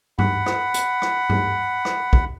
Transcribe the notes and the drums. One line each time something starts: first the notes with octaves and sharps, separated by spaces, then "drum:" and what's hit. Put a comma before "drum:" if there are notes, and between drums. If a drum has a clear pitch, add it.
F#5 B5, drum: tom G2
drum: rim click
drum: hi-hat
drum: rim click
drum: tom G2
drum: rim click
drum: kick